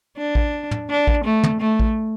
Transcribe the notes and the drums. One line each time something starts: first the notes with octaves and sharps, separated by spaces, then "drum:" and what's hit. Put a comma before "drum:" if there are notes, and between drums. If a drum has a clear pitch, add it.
D4
drum: kick A1
drum: tom
D4
drum: kick A1
A3
drum: tom
A3
drum: kick A1